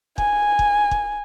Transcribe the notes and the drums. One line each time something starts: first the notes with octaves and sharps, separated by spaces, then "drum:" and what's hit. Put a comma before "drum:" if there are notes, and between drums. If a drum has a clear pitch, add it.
G#5, drum: kick
drum: kick
drum: kick